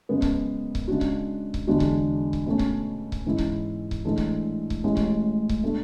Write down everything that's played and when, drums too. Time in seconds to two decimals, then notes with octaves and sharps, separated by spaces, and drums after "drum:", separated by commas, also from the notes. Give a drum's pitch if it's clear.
0.09 F#2 C#3 G#3 B3
0.22 drum: kick C#1
0.75 drum: kick C#1
0.88 C#3 G#3 D4 F#4
1.01 drum: kick C#1
1.54 drum: kick C#1
1.67 E2 D3 G#3 D4 F#4
1.80 drum: kick C#1
2.33 drum: kick C#1
2.46 B2 A3 C#4
2.59 drum: kick C#1
3.12 drum: kick C#1
3.26 G#2 E3 G#3 C#4 E4
3.38 drum: kick C#1
3.91 drum: kick C#1
4.05 A2 E3 G#3 D4 A4
4.18 drum: kick C#1
4.70 drum: kick C#1
4.84 A1 A2 G#3 C#4 E4
4.97 drum: kick C#1
5.49 drum: kick C#1
5.63 B2 A3 D4 A4